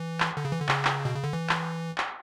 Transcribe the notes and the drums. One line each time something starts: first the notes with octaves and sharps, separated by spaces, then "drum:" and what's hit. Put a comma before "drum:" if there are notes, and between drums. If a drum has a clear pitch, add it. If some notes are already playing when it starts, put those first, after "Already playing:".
Already playing: E3
drum: clap
D3
C#3
E3
D3
C#3, drum: clap
drum: clap
B2
C#3
D3
E3
drum: clap
drum: clap